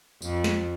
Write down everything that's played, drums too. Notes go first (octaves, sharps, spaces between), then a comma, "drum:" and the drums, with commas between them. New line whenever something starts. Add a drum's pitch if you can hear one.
F2, drum: tambourine
drum: snare